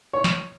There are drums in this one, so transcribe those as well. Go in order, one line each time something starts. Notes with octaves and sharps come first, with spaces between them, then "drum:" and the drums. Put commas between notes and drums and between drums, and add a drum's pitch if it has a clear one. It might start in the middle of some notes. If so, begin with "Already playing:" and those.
C#5
drum: snare